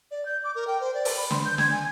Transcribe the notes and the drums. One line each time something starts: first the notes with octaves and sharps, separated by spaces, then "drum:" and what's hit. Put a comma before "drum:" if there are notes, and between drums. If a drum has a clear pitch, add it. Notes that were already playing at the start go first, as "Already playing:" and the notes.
D5
G6
D6
A#4
G5
C5
D5
drum: open hi-hat
B5
C6, drum: snare
G6
G#6, drum: snare
G#5